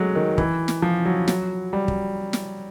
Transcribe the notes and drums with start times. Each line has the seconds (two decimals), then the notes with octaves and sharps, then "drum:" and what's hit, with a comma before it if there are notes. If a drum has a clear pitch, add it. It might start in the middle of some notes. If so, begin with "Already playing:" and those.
Already playing: F#3 G#3 A3
0.15 D#3
0.38 E3, drum: kick
0.68 drum: snare
0.82 F3
1.05 F#3
1.28 F#3, drum: snare
1.73 G3
1.88 drum: kick
2.33 drum: snare